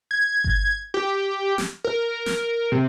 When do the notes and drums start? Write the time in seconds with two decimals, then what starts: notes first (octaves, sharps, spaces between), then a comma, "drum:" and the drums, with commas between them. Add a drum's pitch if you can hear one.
0.11 G#6
0.44 drum: kick G1
0.94 G4
1.58 drum: snare
1.84 A#4
2.26 drum: snare
2.72 C3